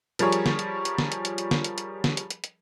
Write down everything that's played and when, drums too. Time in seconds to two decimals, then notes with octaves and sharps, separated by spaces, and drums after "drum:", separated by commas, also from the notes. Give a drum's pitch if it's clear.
0.19 F3 G3 G#4 A#4 C#5, drum: hi-hat
0.32 drum: hi-hat
0.46 drum: snare
0.59 drum: hi-hat
0.85 drum: hi-hat
0.98 drum: snare
1.12 drum: hi-hat
1.25 drum: hi-hat
1.38 drum: hi-hat
1.51 drum: snare
1.64 drum: hi-hat
1.78 drum: hi-hat
2.04 drum: snare
2.17 drum: hi-hat
2.30 drum: hi-hat
2.44 drum: hi-hat